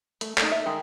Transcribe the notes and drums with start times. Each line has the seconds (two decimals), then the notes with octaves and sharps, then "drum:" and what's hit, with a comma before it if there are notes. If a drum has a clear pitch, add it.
0.21 A3, drum: hi-hat
0.38 A3 A#3 D#4, drum: clap
0.51 E5
0.66 D#3 G#3